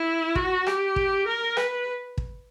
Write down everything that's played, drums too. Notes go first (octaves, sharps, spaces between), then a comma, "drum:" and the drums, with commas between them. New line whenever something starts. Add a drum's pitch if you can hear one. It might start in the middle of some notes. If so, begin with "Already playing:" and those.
Already playing: E4
F#4, drum: kick
G4, drum: rim click
drum: kick
A#4
B4, drum: rim click
drum: kick